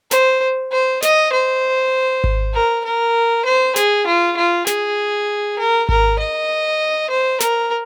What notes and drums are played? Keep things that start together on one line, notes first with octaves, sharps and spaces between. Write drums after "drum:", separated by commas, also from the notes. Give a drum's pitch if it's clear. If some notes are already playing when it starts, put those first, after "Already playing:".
C5, drum: snare
C5
D#5, drum: snare
C5
drum: kick G#1
A#4
A#4
C5
G#4, drum: snare
F4
F4
G#4, drum: snare
A#4
A#4, drum: kick G#1
D#5
C5
A#4, drum: snare